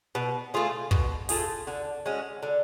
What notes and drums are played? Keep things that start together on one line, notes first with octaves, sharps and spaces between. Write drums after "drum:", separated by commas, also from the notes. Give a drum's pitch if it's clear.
B2
A3 F4 G#4
B2, drum: kick
A3 F4 G#4, drum: open hi-hat
D3
G#3 C#4 F#4
D3